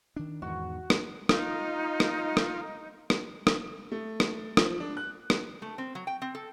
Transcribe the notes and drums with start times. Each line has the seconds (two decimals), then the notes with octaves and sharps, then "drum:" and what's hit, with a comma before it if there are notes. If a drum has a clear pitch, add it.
0.16 D#3 D4
0.42 E2 G#2 D#3 F#4
0.90 drum: rim click
1.29 D#4 F4, drum: rim click
2.00 drum: rim click
2.37 drum: rim click
3.10 drum: rim click
3.47 drum: rim click
3.92 A3
4.20 drum: rim click
4.57 F3, drum: rim click
4.80 D4
4.97 F#6
5.30 drum: rim click
5.62 A3
5.78 C4
5.95 F#3
6.07 G5
6.22 C4
6.35 A4